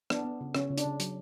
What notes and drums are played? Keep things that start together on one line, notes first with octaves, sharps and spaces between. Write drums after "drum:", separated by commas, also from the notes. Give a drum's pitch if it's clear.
B3 D4, drum: rim click
B3
C#3
C#3 C#4, drum: rim click
C#3
D4, drum: hi-hat
C#3
F#3, drum: hi-hat